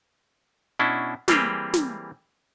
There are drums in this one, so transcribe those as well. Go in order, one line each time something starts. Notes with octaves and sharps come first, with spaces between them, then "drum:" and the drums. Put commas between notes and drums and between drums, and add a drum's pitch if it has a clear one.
B2 C#4 D4 E4
E3 G3 A#3 C4 G4 G#4, drum: snare
drum: snare